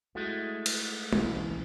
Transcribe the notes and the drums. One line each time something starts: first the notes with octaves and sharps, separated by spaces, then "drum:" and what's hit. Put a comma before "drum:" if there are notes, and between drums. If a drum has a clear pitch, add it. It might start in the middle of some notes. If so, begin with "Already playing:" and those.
G#3 A3 E4 F#4
drum: cymbal
B1 C#3 E3 A#3, drum: tom G#3